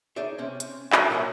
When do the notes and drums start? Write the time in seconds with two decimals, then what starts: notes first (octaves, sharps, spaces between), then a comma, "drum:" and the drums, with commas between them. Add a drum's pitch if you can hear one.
0.16 D#4 G#4 C#5 D5 E5
0.38 C3 C4 C#4
0.60 drum: hi-hat
0.92 F#4, drum: clap
1.10 A#2 F#3 A#4 C#5 E5 F#5